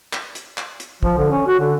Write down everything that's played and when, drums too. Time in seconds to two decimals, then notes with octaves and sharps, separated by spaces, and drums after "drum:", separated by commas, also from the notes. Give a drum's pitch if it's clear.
0.13 drum: clap
0.35 drum: hi-hat
0.58 drum: clap
0.80 drum: hi-hat
1.03 F3, drum: kick
1.17 D3
1.31 C#4
1.47 F#4
1.59 D3